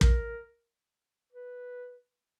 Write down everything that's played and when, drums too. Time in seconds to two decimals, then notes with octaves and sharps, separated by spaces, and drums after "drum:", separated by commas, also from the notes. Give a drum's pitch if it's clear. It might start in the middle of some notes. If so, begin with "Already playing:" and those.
0.01 A#4, drum: kick
1.32 B4